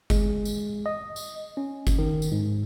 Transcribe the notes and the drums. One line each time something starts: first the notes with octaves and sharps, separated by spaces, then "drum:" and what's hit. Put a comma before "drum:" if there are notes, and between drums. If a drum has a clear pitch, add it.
G#3, drum: kick G1, tambourine
drum: tambourine
D#5
drum: tambourine
C#4
drum: kick G1, tambourine
D#3
drum: tambourine
G#2